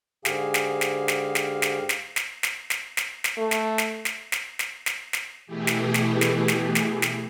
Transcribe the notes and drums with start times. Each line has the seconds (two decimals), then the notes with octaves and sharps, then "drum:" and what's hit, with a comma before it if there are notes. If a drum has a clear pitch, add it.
0.25 G#2 D3 G4 G#4 F5 G#5, drum: snare
0.54 drum: snare
0.81 drum: snare
1.08 drum: snare
1.35 drum: snare
1.62 drum: snare
1.89 drum: snare
2.16 drum: snare
2.43 drum: snare
2.70 drum: snare
2.97 drum: snare
3.24 drum: snare
3.38 A3
3.51 drum: snare
3.78 drum: snare
4.05 drum: snare
4.32 drum: snare
4.59 drum: snare
4.86 drum: snare
5.13 drum: snare
5.47 B2 E3 A3 G4 G#4
5.67 drum: snare
5.94 drum: snare
6.21 drum: snare
6.48 drum: snare
6.75 drum: snare
7.02 drum: snare